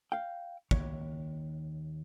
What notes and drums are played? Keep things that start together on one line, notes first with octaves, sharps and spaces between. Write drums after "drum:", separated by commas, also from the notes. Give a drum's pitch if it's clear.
F5 G5
D#2 C#5, drum: kick